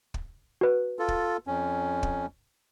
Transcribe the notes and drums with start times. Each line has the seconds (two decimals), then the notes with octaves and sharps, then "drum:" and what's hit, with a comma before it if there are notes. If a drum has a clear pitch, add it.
0.14 drum: kick
0.61 F#4 B4
0.99 F4 A4
1.08 drum: kick
1.47 F2 C#4
2.03 drum: kick